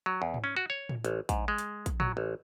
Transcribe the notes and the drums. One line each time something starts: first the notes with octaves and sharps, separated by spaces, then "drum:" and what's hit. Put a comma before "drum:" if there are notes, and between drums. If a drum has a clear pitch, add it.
F#3
E2
drum: tom G#2
C#4
F#4
C#5
drum: tom A2
A1, drum: hi-hat
G#2, drum: kick, hi-hat
G#3
drum: hi-hat
drum: kick, hi-hat
F#3, drum: tom A2
A1